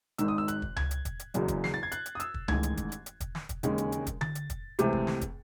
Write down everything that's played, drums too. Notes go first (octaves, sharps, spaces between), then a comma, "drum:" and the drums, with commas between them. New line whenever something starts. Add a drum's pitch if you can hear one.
G#1 G#2 D#3 E6, drum: hi-hat
D#6
E6
F#6, drum: hi-hat
drum: kick
G#6, drum: tom C#2
drum: hi-hat
drum: kick, hi-hat
drum: hi-hat
F#1 E2 C#3 F#3, drum: hi-hat
drum: kick, hi-hat
C7, drum: snare
A6
G#6
F#6, drum: hi-hat
drum: hi-hat
D#6
E6, drum: hi-hat
drum: kick
A1 G#2 D#3 G#3 G#6, drum: tom C#2
drum: hi-hat
drum: kick, hi-hat
drum: hi-hat
drum: hi-hat
drum: kick, hi-hat
drum: snare
drum: kick, hi-hat
E1 D#2 C#3 G#3 C#4, drum: hi-hat
drum: hi-hat
drum: hi-hat
drum: kick, hi-hat
A6, drum: tom D3
drum: hi-hat
drum: kick, hi-hat
C#2 C3 E3 A3 C4, drum: hi-hat
drum: kick
drum: snare
drum: kick, hi-hat